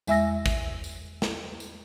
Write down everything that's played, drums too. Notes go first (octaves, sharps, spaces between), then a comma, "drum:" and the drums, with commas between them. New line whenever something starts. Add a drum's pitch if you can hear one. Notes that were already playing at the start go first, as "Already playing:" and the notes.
E2 G#3 E5 G#5 E6 A#6, drum: tambourine
drum: kick, tambourine
drum: tambourine
drum: snare
drum: tambourine